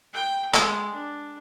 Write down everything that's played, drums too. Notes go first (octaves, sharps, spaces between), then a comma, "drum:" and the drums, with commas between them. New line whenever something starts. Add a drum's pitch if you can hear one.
G5
G#3, drum: clap
D4